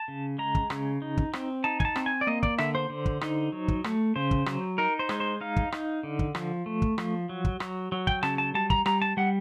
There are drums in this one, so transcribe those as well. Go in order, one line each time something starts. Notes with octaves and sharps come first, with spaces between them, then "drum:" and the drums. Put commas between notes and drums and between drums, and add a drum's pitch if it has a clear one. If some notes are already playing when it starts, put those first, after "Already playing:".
Already playing: A5
C#3
G#3 A#5
drum: kick
C#3, drum: rim click
D#4
drum: kick
C4, drum: rim click
D#4 A5
G#5, drum: kick
A5
C4, drum: rim click
G#5
D5
A#3 D#5
D5, drum: kick
D3 E5, drum: rim click
C5
D3
drum: kick
D#4, drum: rim click
F#3
drum: kick
A3, drum: rim click
C#3 C5
drum: kick
F#3, drum: rim click
D#4 A#4
C5
G#3, drum: rim click
C5
D#4 F5
drum: kick
D#4, drum: rim click
D3
drum: kick
F3, drum: rim click
A3
drum: kick
F3, drum: rim click
F#3
drum: kick
F#3, drum: rim click
F#3
G5, drum: kick
C#3 A5, drum: rim click
A5
G3 A5
A#5, drum: kick
G3 A#5, drum: rim click
A5
G3 F#5